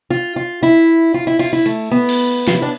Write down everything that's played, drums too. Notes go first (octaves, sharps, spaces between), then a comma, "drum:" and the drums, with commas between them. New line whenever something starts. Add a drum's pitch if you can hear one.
F4
F4
E4
F4
E4
F4, drum: cymbal
E4
A3, drum: cymbal
B3
drum: cymbal
F4, drum: snare
E4
D4